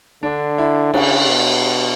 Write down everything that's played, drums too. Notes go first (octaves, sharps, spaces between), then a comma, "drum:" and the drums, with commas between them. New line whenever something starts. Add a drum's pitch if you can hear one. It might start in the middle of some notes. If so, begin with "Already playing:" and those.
D3 D4
E4
C#3 D4, drum: cymbal
B2